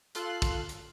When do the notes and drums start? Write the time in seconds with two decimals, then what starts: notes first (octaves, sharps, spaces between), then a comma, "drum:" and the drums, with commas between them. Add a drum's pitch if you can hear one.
0.15 F4 A4 C6 F#6, drum: hi-hat
0.42 drum: kick, hi-hat
0.69 drum: hi-hat